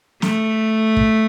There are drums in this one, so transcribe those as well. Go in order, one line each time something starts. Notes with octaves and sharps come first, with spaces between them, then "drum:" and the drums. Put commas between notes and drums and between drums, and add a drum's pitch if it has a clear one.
A3, drum: snare
drum: kick